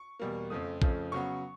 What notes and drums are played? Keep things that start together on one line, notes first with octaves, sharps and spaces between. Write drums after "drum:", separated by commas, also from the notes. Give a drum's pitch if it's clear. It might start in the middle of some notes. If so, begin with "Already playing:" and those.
Already playing: C#6
E2 B2 G3 A#3
F2 C#3 F3 A3 D#6
F2 C#3 F3 A3, drum: kick A#1
C#3 F#3 B3 C#6